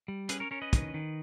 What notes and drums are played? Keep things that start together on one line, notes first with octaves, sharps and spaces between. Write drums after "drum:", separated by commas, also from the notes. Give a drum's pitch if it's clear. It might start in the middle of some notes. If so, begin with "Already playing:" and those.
G3
C#4 G#4 B4, drum: hi-hat
A#4 C#5
C#4 A#4 C#5
B4 D#5
D#3, drum: kick, hi-hat
D#3